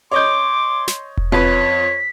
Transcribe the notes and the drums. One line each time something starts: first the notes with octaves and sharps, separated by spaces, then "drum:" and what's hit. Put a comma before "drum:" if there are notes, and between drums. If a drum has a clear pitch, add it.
C#5 D#5 C6 D6 G6
drum: snare
drum: kick E1
F2 B4 C#5 B6